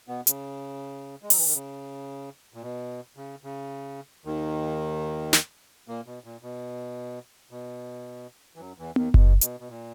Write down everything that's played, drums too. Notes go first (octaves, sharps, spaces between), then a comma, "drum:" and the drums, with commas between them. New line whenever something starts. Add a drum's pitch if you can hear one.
B2 B3
C#3, drum: hi-hat
G#3
F#3, drum: open hi-hat
E3
D#3
C#3
A#2
B2
C#3
C#3
D#2 D#3
drum: snare
A#2 A#3
B2
A#2
B2
B2
E3
F#2 F#3
E2 E3
D#2 D#3, drum: tom B3
B2, drum: kick F#1
B2, drum: hi-hat
B2
A#2